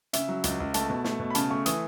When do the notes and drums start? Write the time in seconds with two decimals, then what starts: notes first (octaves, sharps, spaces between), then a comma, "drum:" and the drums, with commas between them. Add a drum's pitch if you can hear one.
0.13 C#3 E5, drum: hi-hat
0.28 F#3
0.44 C#2, drum: hi-hat
0.60 C#2
0.74 A3 A5, drum: hi-hat
0.90 B2
1.04 A3, drum: snare
1.20 B2
1.30 B5
1.35 C#3 A5, drum: hi-hat
1.50 A3 C#6
1.66 E3 D#6, drum: hi-hat